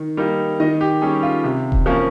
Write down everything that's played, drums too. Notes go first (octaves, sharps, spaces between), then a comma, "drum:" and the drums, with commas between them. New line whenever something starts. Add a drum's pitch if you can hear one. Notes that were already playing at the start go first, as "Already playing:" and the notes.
Already playing: D#3
G3 A#3 D#4
D#3 D#5
G4
G3 C#4 G#4
F4
C3
drum: kick D#1
F3 A#3 C#4